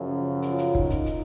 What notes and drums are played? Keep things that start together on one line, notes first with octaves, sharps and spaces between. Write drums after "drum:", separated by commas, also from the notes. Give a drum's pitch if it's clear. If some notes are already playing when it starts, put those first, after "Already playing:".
Already playing: F#2 C#3 F3
F4, drum: hi-hat
drum: hi-hat
D#4, drum: kick
drum: hi-hat
drum: hi-hat